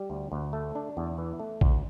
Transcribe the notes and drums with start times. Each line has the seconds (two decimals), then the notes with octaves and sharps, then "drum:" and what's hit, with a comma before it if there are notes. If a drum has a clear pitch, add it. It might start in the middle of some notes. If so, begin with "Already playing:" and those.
Already playing: G3
0.10 D2
0.32 D2
0.53 A3
0.75 D4
0.97 E2
1.18 E3
1.40 A3
1.61 D2, drum: kick A#1